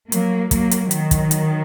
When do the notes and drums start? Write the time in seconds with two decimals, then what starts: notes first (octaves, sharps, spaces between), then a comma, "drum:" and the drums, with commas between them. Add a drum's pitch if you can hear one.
0.12 F#3 A#3, drum: hi-hat
0.51 F#3 A#3, drum: kick, hi-hat
0.71 drum: hi-hat
0.91 D#3 F#3, drum: hi-hat
1.11 drum: kick, hi-hat
1.31 drum: hi-hat